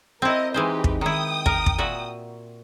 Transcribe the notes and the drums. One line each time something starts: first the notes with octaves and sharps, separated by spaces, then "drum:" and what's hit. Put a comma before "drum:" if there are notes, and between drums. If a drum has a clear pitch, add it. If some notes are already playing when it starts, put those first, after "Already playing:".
C4 E4 A#4 D#5
E3 G#3 D#4 G4 B4 C5
drum: kick
D#3 E4 G5 D#6
A#4, drum: kick
drum: kick
A#2 F#4 E5